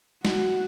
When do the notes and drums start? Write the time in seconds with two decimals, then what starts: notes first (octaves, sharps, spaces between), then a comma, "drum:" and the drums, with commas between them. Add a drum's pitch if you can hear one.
0.25 F#4, drum: snare